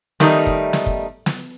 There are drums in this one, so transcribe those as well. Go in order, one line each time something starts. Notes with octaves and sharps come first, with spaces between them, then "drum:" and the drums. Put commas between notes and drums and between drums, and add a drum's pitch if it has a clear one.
D#3 G3 A3 D#4, drum: snare
drum: kick
drum: snare
drum: kick
drum: snare